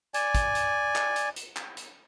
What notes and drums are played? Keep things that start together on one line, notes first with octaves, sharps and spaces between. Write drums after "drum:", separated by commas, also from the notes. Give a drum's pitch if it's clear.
D5 G#5, drum: hi-hat
drum: kick, hi-hat
drum: hi-hat
drum: clap
drum: hi-hat
drum: hi-hat
drum: clap
drum: hi-hat